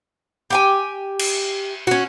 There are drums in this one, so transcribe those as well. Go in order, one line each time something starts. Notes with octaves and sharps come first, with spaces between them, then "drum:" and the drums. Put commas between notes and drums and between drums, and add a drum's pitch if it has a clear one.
G4 G5 G#5
drum: cymbal
C#4 F#4